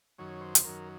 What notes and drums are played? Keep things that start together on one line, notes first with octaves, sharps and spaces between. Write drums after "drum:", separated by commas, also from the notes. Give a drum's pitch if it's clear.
F#2 D#3 F#3 C#5
C5
drum: hi-hat
F#2 D#3 F#3 A#4